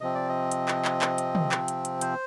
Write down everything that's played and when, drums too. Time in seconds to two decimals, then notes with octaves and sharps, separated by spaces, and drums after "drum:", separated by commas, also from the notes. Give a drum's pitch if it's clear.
0.01 C3 F3 C4 D#5
0.15 D5
0.29 D#5
0.51 drum: hi-hat
0.68 drum: clap
0.85 drum: clap
1.02 drum: clap
1.18 drum: hi-hat
1.35 drum: tom
1.52 drum: clap
1.68 drum: hi-hat
1.85 drum: hi-hat
2.01 C5, drum: hi-hat